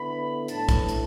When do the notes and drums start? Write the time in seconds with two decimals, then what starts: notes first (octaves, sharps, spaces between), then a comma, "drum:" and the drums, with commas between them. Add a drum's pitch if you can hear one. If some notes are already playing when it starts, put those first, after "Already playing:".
Already playing: D3 B3 E4 B5
0.48 A2 E3 D4 A5, drum: hi-hat
0.69 drum: kick, hi-hat
0.89 drum: hi-hat